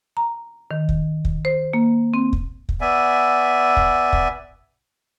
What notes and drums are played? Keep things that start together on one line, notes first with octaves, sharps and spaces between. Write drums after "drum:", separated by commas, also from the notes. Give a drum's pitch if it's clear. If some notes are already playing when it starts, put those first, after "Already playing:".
A#5
D#3
drum: kick
drum: kick
C5
A#3
C4
drum: kick
drum: kick
B3 D5 E5 G#5
drum: kick
drum: kick